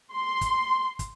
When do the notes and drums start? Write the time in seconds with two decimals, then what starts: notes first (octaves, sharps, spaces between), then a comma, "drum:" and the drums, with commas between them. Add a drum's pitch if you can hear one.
0.12 C6
0.41 drum: kick, hi-hat
0.99 drum: kick, hi-hat